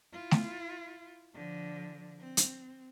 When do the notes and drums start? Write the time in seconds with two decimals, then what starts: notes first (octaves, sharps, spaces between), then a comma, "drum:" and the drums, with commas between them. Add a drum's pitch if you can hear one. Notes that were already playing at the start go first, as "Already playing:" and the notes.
0.13 E4 F4
0.31 drum: snare A3
1.34 D3 F3
2.20 C4
2.37 drum: hi-hat